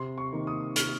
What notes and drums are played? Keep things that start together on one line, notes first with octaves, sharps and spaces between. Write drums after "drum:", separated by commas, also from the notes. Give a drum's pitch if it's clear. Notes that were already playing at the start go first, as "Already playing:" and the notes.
Already playing: C3 C6
C#6
D#3 A#3
D#6
C3 F6, drum: hi-hat